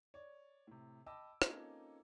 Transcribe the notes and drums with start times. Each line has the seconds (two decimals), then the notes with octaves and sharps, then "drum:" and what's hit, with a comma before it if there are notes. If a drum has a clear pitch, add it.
0.14 C#5 D5
0.67 A2 C3
1.06 D#5 G5 A5 B5 D6 E6
1.42 A#3 C4 C#4 D#4 F4 A4, drum: rim click